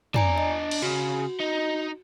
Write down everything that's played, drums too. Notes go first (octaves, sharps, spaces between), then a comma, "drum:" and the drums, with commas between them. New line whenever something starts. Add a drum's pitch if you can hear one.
D4 D5 G#5 A#5 D7, drum: tom
D#5
drum: cymbal
C#3 F#4
D#4